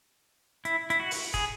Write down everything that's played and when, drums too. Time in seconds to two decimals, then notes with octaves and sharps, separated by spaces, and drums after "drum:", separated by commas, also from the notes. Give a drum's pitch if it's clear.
0.65 E4, drum: hi-hat
0.90 E4, drum: hi-hat
1.00 F#4
1.11 drum: open hi-hat
1.34 G#4, drum: kick, hi-hat